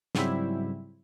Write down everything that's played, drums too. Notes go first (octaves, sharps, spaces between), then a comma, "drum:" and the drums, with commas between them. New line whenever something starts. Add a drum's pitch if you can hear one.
G#2 C#3 F#3 G3 C4 E4, drum: snare